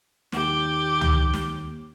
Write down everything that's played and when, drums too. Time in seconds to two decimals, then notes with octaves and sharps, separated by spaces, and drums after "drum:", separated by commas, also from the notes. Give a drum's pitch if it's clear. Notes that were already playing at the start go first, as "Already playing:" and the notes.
0.32 D#2 G4, drum: snare
1.01 drum: tom C#2
1.34 drum: snare